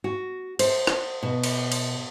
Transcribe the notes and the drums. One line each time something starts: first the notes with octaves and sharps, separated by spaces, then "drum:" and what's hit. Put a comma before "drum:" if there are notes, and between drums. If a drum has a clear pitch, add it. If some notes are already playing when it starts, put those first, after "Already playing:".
F#4
C5, drum: cymbal
drum: rim click
B2
drum: cymbal
drum: cymbal